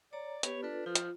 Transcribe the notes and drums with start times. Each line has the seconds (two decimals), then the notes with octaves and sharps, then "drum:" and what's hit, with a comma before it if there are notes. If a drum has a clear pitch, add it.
0.13 C#5 D5 A#5
0.43 B3 G4 B4 C#5, drum: hi-hat
0.63 D4 F4 A4 B4
0.86 F3 F4
0.95 drum: hi-hat